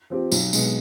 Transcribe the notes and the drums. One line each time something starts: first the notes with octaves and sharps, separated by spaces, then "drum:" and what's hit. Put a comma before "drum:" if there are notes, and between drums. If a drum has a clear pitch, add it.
F3 C4 G4
B1, drum: tambourine
B2 G#3, drum: tambourine